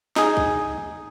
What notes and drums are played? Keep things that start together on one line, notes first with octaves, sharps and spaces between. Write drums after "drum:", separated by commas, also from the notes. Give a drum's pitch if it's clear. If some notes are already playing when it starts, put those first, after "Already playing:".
D#4 G#4, drum: snare
drum: kick